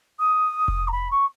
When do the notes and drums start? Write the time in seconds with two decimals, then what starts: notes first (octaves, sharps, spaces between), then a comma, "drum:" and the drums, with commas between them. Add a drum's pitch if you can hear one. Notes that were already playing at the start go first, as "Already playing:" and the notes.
0.19 D#6
0.68 drum: kick F1
0.88 A#5
0.92 B5
1.11 C#6